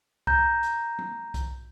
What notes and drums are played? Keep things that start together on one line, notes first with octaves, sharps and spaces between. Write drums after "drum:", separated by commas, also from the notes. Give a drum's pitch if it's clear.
A#5 G6, drum: kick B1
drum: hi-hat
drum: tom
drum: kick B1, hi-hat